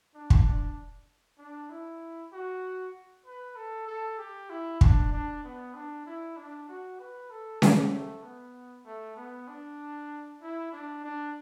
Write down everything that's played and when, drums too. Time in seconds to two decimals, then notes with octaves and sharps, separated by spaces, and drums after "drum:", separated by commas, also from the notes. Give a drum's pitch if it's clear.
0.14 D4
0.30 drum: kick
0.45 D4
1.38 D4
1.70 E4
2.32 F#4
3.26 B4
3.56 A4
3.87 A4
4.18 G4
4.50 E4
4.81 D4, drum: kick
5.12 D4
5.44 B3
5.74 D4
6.06 E4
6.37 D4
6.69 F#4
6.99 B4
7.30 A4
7.62 G4, drum: snare C#4
7.93 A3
8.23 B3
8.85 A3
9.16 B3
9.48 D4
10.41 E4
10.72 D4
11.04 D4